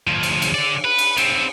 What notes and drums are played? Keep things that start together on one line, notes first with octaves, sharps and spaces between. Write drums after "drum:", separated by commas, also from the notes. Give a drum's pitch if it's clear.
D2 F3
drum: cymbal
drum: cymbal
D3 D5
B4
drum: cymbal
B3 C4, drum: cymbal